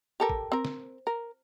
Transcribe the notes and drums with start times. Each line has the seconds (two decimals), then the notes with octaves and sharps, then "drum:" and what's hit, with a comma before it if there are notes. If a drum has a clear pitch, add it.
0.20 G4 A4 A#4
0.29 drum: kick
0.52 C4 A#4
0.65 drum: snare
1.07 A#4